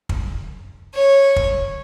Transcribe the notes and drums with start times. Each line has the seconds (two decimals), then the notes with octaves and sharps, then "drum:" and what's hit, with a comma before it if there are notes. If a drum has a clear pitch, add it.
0.09 drum: kick
0.94 C#5
1.36 drum: kick